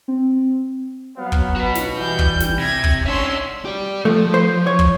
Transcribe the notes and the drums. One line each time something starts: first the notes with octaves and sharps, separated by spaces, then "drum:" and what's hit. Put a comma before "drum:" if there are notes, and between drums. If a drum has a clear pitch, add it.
C4
F#3 B3 F5
drum: kick
F#4 B4
drum: snare
E3 G3 G6
drum: kick
drum: snare
C3 G#6 A#6
drum: kick
G#2 C#4 D4 C#5 E5 C6
G4 D5
F3 A3
C5
C#5
drum: kick